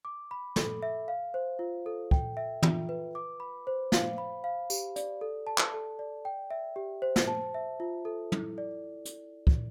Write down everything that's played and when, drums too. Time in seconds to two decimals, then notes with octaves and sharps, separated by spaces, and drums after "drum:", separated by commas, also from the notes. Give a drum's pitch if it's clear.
0.05 D6
0.31 B5
0.56 A4, drum: snare
0.82 E5
1.08 F5
1.34 C5
1.59 F4
1.86 A4
2.11 G5, drum: kick
2.37 E5
2.63 F4, drum: tom
2.89 B4
3.15 D6
3.40 B5
3.67 C5
3.92 F5, drum: snare
4.18 B5
4.44 F5
4.70 G4, drum: tambourine
4.96 D5, drum: hi-hat
5.21 A4
5.47 A5
5.58 drum: clap
5.73 A4
5.99 D5
6.25 G5
6.51 E5
6.76 G4
7.02 C5
7.16 drum: snare
7.28 A5
7.54 E5
7.80 F4
8.05 A4
8.32 E4, drum: tom
8.58 D5
9.05 drum: hi-hat
9.47 drum: kick